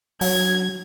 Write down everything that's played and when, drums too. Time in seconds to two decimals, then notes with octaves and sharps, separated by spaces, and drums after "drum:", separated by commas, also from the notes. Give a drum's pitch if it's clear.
0.21 F#3 G#6, drum: open hi-hat